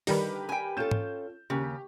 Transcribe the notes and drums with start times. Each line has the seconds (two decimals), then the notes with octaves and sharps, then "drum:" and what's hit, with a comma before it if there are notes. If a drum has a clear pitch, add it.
0.07 D3 D#3 G3 D#4 G4 A#4 B4, drum: open hi-hat
0.49 G5 G#5
0.77 C#4 F4 A4 G6 E7
0.91 drum: tom G#2
1.50 D#2 C#3 G4